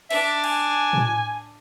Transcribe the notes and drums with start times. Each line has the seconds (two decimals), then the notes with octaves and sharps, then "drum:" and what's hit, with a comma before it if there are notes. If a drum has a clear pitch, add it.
0.11 D4 E5, drum: cymbal
0.44 G#5, drum: cymbal
0.93 drum: tom